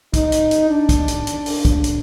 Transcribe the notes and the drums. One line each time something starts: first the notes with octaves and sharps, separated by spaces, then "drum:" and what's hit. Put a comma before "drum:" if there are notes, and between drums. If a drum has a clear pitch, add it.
D#4, drum: kick, hi-hat
drum: hi-hat
drum: hi-hat
D4
drum: kick, hi-hat
drum: hi-hat
drum: hi-hat
drum: open hi-hat
drum: kick, hi-hat
drum: hi-hat